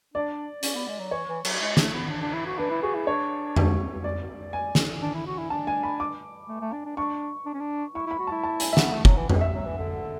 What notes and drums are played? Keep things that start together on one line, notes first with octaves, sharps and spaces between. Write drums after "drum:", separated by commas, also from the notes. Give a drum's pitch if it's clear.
D4 D5
C#4, drum: hi-hat
B3
G#3
F#3
E3 C#5
E3
F#3, drum: cymbal
G#3
A3, drum: snare
B3
D4
D4
E4
F#4
D4 B4
E4
F#4 G#4
E4
D4 C#5
drum: tom F2
D5
G#5
drum: snare
D4
E4
F#4
E4
D4 A5
G#5
B5
D6
A3
A3
D4
D4
D4 C#6
D4
C#4
D4
E4 C#6
E4
B5
F#4
E4 A5
A5
G#5, drum: hi-hat
E5
F#5, drum: snare
B3
A3
F#3, drum: kick
E3
E3, drum: tom F2
E5
F#3
E3
D3